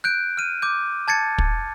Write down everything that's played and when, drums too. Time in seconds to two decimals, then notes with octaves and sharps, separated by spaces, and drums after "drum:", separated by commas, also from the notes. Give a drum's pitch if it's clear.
0.04 F#6 G6 D7
0.37 F6 D#7
0.62 D6 G6
1.08 A5 G#6 A6 C#7
1.38 drum: kick